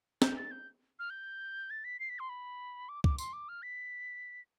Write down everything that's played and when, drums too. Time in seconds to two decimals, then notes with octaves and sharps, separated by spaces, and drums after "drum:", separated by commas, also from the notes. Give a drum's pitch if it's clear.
0.22 G6, drum: snare
0.37 A6
0.51 G6
0.99 F6
1.10 G6
1.70 A6
1.84 B6
2.00 C7
2.09 B6
2.19 C6
2.29 B5
2.89 D6
3.04 D6, drum: kick
3.18 C6, drum: tambourine
3.33 D6
3.49 F6
3.62 B6